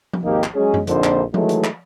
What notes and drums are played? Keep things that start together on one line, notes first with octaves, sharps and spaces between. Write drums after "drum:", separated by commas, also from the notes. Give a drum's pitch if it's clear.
drum: tom F3
G#1 D#2 A#3 D#4 G4
drum: clap
F#3 G#3 C#4 G#4
drum: tom F#2
A#1 F2 D3 A#3 D#4 C5, drum: hi-hat
drum: clap
D#3 E3 F#3 G#3 A3, drum: tom F3
drum: hi-hat
drum: clap